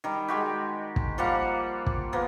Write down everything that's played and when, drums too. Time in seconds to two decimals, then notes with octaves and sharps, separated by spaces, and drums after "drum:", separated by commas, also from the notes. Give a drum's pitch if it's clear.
0.04 D#3 G3
0.28 G#3 F#4 G4
0.96 drum: kick
1.18 F3 G3 A#3 F#5
1.86 drum: kick
2.13 F3 A#3 B3